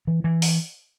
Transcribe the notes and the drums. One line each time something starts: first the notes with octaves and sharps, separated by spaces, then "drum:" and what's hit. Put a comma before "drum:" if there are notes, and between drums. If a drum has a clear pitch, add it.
E3
E3
drum: open hi-hat